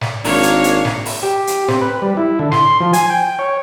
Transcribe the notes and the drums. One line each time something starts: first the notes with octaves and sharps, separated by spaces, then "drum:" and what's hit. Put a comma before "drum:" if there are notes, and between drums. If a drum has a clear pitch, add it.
drum: snare
G#1 A#3 D4 C#5 F5, drum: open hi-hat
drum: hi-hat
drum: hi-hat
drum: snare
drum: open hi-hat
G4
drum: hi-hat
C4, drum: snare
B4
G3
E4
D3
C6, drum: snare
F3
G#5, drum: hi-hat
G5
C#5